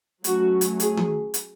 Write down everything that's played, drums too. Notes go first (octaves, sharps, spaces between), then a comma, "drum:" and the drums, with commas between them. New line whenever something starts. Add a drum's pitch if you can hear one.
F#3 A3 C#4 F#4, drum: hi-hat
drum: hi-hat
G#4, drum: hi-hat
drum: tom D#3
drum: hi-hat